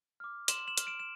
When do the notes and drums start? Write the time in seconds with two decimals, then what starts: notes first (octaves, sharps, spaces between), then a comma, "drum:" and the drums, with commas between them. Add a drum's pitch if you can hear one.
0.20 D6 F6
0.48 C6 E7 F#7, drum: hi-hat
0.68 E7 F#7
0.78 F6, drum: hi-hat
0.87 D7 E7
1.00 E7